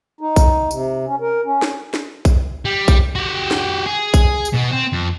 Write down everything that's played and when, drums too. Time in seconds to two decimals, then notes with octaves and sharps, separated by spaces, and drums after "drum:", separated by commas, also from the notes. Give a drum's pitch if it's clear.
0.21 D#4
0.36 drum: kick, tambourine
0.71 C3, drum: tambourine
1.07 C#4
1.21 A#4
1.45 C#4
1.62 drum: snare
1.94 drum: snare
2.25 drum: kick, tambourine
2.65 G3
2.88 drum: kick, tambourine
3.15 F#4 G4
3.51 drum: snare
3.86 G#4
4.14 drum: kick, tambourine
4.45 drum: tambourine
4.54 B2 B3
4.72 C4
4.93 F2